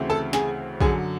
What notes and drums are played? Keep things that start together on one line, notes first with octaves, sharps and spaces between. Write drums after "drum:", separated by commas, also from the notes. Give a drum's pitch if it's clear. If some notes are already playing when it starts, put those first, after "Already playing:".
Already playing: D2 C#3 E3 A3 C4
A4 A5
G#4 G#5, drum: snare
F#2 D3 F#3 G#4 G#5, drum: kick